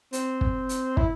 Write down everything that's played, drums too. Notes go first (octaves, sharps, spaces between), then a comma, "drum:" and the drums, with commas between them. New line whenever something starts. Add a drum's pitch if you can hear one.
C4, drum: hi-hat
drum: kick
drum: hi-hat
E4, drum: kick